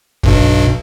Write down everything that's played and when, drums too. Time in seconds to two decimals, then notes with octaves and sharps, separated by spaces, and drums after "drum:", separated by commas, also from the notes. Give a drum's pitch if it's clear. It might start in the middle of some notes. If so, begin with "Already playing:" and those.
0.23 B1 G2 B2, drum: kick